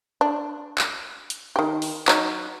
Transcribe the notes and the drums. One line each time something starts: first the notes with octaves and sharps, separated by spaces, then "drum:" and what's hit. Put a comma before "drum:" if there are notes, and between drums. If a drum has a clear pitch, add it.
D4
drum: clap
drum: hi-hat
D#3 G4
drum: open hi-hat
F#3 D#4, drum: clap